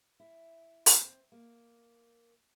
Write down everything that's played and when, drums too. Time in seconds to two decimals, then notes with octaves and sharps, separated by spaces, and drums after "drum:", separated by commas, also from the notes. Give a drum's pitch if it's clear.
0.20 E4
0.86 C4, drum: open hi-hat
1.32 A#3